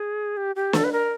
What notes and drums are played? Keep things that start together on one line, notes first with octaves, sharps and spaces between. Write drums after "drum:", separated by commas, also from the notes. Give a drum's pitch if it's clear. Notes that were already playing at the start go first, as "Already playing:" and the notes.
Already playing: G#4
G4
G4
A4, drum: snare
B4
A#4